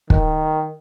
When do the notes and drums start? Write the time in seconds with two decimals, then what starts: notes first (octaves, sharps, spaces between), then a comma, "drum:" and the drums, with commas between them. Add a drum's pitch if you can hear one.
0.10 D#3, drum: kick